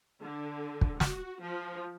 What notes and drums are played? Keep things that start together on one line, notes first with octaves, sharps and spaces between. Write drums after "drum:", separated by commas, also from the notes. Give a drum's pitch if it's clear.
D3
drum: kick
F#4, drum: snare
F3